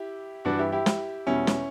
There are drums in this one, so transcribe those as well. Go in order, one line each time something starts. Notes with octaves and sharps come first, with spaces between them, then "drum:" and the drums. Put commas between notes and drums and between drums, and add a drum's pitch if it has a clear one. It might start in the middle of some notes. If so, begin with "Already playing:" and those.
Already playing: E4 G4
G2 E3 G3 D4 F#4
E4 G4
E4 G4
drum: snare
E2 B2 G3 C#4 E4
drum: snare